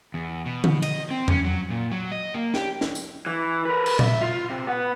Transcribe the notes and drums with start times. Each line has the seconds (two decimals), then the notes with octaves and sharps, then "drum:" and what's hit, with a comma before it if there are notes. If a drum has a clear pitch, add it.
0.14 E2
0.46 B2
0.64 drum: tom D3
0.82 D#5, drum: cymbal
1.11 C4
1.28 C#4, drum: tom E2
1.45 F#3
1.70 A#2
1.92 F#3
2.12 D#5
2.34 A#3
2.54 G4, drum: snare
2.81 drum: snare
2.95 drum: tambourine
3.26 E3
3.65 A#4 B4
3.86 drum: cymbal
3.99 D5 E5, drum: tom A#2
4.21 F4
4.50 C3
4.67 B3 F#5